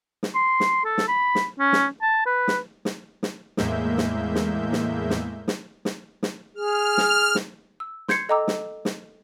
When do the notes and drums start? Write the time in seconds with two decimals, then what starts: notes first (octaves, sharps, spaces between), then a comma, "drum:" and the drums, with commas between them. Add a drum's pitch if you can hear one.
0.23 drum: snare
0.35 C6
0.60 drum: snare
0.85 A4
0.98 drum: snare
1.08 B5
1.35 drum: snare
1.59 C#4
1.73 drum: snare
2.02 A5
2.26 B4
2.48 drum: snare
2.85 drum: snare
3.23 drum: snare
3.57 E2 A2 G#3 A#3 E5 G6, drum: snare
3.98 drum: snare
4.35 drum: snare
4.73 drum: snare
5.10 drum: snare
5.48 drum: snare
5.85 drum: snare
6.23 drum: snare
6.55 G#4 F6
6.98 drum: snare
7.35 drum: snare
7.80 E6
8.08 C6 G6 G#6 C7 C#7, drum: snare
8.29 A4 D#5 G5 A#5 D6 E6
8.48 drum: snare
8.85 drum: snare